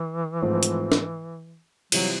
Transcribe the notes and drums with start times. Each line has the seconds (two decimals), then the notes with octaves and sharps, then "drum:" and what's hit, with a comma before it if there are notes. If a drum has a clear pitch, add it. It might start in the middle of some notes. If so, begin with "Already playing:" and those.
Already playing: E3
0.42 G#2 F3 A3 C4
0.63 drum: hi-hat
0.92 drum: snare
1.92 C3 E3 F#3 G3 C4 F4, drum: cymbal